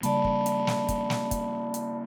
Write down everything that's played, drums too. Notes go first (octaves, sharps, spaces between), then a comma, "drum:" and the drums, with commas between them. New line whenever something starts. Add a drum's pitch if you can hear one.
C#3 G3 A#3 D5 A5 B5, drum: hi-hat
drum: kick
drum: hi-hat
drum: snare
drum: kick, hi-hat
drum: snare
drum: kick, hi-hat
drum: hi-hat